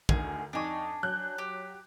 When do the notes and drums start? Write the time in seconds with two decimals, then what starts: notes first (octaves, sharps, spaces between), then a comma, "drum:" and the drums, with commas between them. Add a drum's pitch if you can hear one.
0.09 D2 D3 D#3 G#4, drum: kick
0.53 F2 D4 D#4 G#5 C#6
1.03 F#3 F#6 G6
1.38 G4